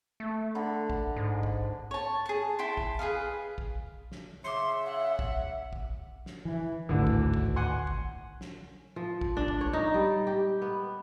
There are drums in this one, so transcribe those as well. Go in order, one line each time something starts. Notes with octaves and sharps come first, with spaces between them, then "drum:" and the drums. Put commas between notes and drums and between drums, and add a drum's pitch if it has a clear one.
A3
D3 B5
drum: kick
G#2
drum: kick
C#5 A5
G#4 A5
E4 G5 A5 C6
drum: kick
G#4 B4 D#5 F5
drum: kick
drum: snare
C#3 E5 C6 D6 C#7
F#5
drum: kick
drum: kick
drum: snare
E3
G#1 D2 A2 D3 E3
drum: kick
drum: kick
F#5 G#5 C6
drum: kick
drum: snare
F3
drum: kick
D4
drum: kick
C#5
D#4
G3
G4
B3